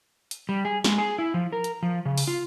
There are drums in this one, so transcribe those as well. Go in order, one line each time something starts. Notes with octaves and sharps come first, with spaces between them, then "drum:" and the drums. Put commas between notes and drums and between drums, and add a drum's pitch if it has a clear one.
drum: hi-hat
G3
G#4
G#3, drum: snare
G#4
E4
F3
A#4
drum: hi-hat
F3
C#3
drum: open hi-hat
F4